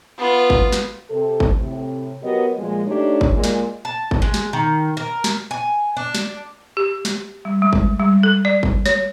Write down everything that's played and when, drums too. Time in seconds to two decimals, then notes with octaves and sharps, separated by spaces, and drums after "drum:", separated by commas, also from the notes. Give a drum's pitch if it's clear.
0.18 B3 F4
0.50 drum: kick
0.73 drum: snare
1.11 C3 A4
1.40 drum: kick
1.59 A2 C3
2.23 F#3 B3 G4 A#4 D#5
2.57 A#2 F3 G#3
2.87 A3 D4 D#4 G4 C#5
3.21 drum: kick
3.33 A#2 G#3
3.44 drum: snare
3.85 A5
4.11 drum: kick
4.22 G#3
4.34 drum: snare
4.53 D#3
4.97 A#4
5.24 drum: snare
5.51 G#5
5.97 D4
6.15 drum: snare
6.77 G4
7.05 drum: snare
7.45 G3
7.62 G#3
7.73 drum: kick
8.00 G3
8.23 A4
8.45 D5
8.63 drum: kick
8.86 C#5, drum: snare